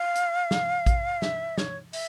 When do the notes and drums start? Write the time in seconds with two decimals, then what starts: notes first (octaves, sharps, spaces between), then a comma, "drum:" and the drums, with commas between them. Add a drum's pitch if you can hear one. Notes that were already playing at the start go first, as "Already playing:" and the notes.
Already playing: F5
0.15 drum: hi-hat
0.51 drum: snare
0.86 drum: kick A1, hi-hat
1.22 E5, drum: snare
1.58 C#5, drum: snare
1.93 E5, drum: open hi-hat